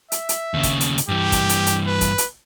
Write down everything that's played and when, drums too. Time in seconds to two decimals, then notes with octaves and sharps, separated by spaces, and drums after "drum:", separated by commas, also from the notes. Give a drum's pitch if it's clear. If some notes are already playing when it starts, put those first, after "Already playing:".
0.12 E5, drum: hi-hat
0.29 drum: hi-hat
0.54 D#2 C#3
0.63 drum: kick, hi-hat
0.80 drum: hi-hat
0.98 drum: hi-hat
1.09 G2 E3 G4
1.32 drum: kick, hi-hat
1.49 drum: hi-hat
1.66 drum: hi-hat
1.87 B4
2.01 drum: kick, hi-hat
2.18 drum: hi-hat